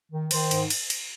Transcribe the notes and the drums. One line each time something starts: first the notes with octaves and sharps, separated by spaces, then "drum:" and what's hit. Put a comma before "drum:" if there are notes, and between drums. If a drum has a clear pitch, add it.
D#3
D#3 C5, drum: cymbal
G#2, drum: cymbal
drum: cymbal
drum: cymbal